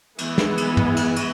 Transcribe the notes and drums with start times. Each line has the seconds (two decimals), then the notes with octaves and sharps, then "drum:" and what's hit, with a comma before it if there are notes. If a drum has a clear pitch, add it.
0.18 E3 G#3 B3, drum: cymbal
0.38 drum: snare
0.57 drum: cymbal
0.77 drum: tom
0.97 drum: cymbal
1.16 drum: cymbal